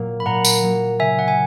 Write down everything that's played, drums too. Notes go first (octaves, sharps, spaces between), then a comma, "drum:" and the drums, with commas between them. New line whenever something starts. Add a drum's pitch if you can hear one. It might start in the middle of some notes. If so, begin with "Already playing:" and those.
Already playing: A#2 F#3 A#3
B5
A#2 F#5 A#5
drum: tambourine
F#3 A#3
C#3 E5 G#5
F#5
G#5